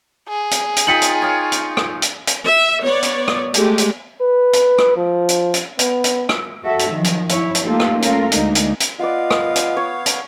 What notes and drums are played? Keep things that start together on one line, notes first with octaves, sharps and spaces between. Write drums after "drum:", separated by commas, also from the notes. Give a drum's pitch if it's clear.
G#4
drum: hi-hat
drum: hi-hat
D#4 F4 G5 B6 C#7 F#7
drum: hi-hat
C#5 F5
drum: hi-hat
drum: rim click
drum: hi-hat
drum: hi-hat
E5
B3 C#5 D5
drum: hi-hat
drum: rim click
G#3 A3 G4, drum: hi-hat
drum: hi-hat
B4
drum: hi-hat
drum: rim click
F3
drum: hi-hat
drum: hi-hat
B3, drum: hi-hat
drum: hi-hat
drum: rim click
F#4 A4 E5
drum: hi-hat
D#3 F3 F#3
drum: hi-hat
E4 C#5, drum: hi-hat
drum: hi-hat
A3 A#3 D#4 F4 G4 A4
drum: rim click
A3 C#4 F4 A4 A#4, drum: hi-hat
D2 G#3 A#3 D#4, drum: hi-hat
drum: hi-hat
drum: hi-hat
B3 F4 D5 D#5 F5 F#5
drum: rim click
drum: hi-hat
C#5
drum: hi-hat